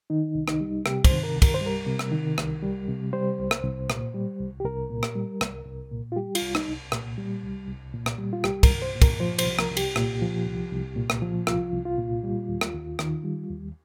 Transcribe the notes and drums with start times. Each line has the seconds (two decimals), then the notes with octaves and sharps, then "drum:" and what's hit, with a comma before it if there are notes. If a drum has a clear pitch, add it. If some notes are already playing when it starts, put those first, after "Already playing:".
0.10 D#3 D#4
0.35 C2
0.48 D#4, drum: rim click
0.61 G3
0.86 C3 G4, drum: rim click
1.04 C5, drum: kick, cymbal
1.11 D#3
1.23 A#4
1.36 C2
1.42 A#4, drum: kick, cymbal
1.54 C5
1.61 G3
1.66 A#4
1.87 C3
1.99 drum: rim click
2.12 D#3
2.38 C2, drum: rim click
2.63 G3
2.88 C3
3.13 G3 C5
3.39 C2
3.51 drum: rim click
3.64 C2
3.90 A#2, drum: rim click
4.14 G3
4.40 C2
4.60 G4
4.65 C2 A#4
4.90 A#2
5.03 drum: rim click
5.15 G3
5.41 C2, drum: rim click
5.66 C2
5.91 A#2
6.12 F4
6.16 G3 G4
6.35 F4, drum: cymbal
6.42 C2
6.55 D#4, drum: rim click
6.67 C2
6.92 A#2, drum: rim click
7.18 G3
7.42 C2
7.68 C2
7.94 A#2
8.06 drum: rim click
8.18 G3
8.33 F4
8.44 C2 G4, drum: rim click
8.63 A#4, drum: kick, cymbal
8.70 C2
8.82 C5
8.95 A#2
9.02 A#4, drum: kick, cymbal
9.20 F3 C5
9.39 C5, drum: cymbal
9.45 C2
9.59 A#4, drum: rim click
9.71 C2
9.77 G4, drum: cymbal
9.96 A#2, drum: rim click
10.22 F3
10.46 C2
10.72 C2
10.96 A#2
11.10 drum: rim click
11.22 F3
11.47 C2 F4, drum: rim click
11.73 C2
11.85 F4
11.98 A#2
12.23 G3
12.48 D#2
12.61 drum: rim click
12.74 D#2
12.99 D#3, drum: rim click
13.24 G3
13.50 D#2